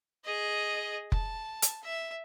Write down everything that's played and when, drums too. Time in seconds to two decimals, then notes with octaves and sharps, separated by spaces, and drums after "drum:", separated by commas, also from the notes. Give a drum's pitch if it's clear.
0.24 G#4 D#5
1.12 A5, drum: kick F1
1.62 drum: hi-hat
1.83 E5